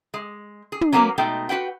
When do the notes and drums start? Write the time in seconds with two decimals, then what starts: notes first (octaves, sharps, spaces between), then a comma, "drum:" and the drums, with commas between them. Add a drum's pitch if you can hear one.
0.14 G#3
0.72 G#4
0.81 drum: tom
0.92 F#3 A#3 B3 C#4 A#4
1.18 B2 G#3 A3 D#4 G5
1.49 F#4 B4 F#5 G5